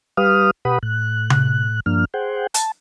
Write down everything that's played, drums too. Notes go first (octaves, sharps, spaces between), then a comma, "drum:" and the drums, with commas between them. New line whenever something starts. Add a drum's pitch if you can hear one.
G3 G4 B4 F5 D#6 F6
B2 G4 B4 F#5 B5 D#6
A2 F#6
drum: tom C3
G2 F3 A#3 D4 F6
G#4 C5 F#5 G5
A5, drum: hi-hat